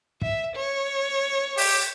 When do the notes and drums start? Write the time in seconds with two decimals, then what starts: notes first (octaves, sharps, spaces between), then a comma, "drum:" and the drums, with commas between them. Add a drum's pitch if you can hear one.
0.22 E5, drum: kick
0.56 C#5
1.57 G4, drum: open hi-hat